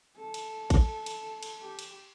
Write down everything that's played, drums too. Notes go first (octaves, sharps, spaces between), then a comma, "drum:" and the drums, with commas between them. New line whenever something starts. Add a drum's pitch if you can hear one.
A4
drum: cymbal
drum: kick A1, cymbal
drum: cymbal
drum: cymbal
G4
drum: cymbal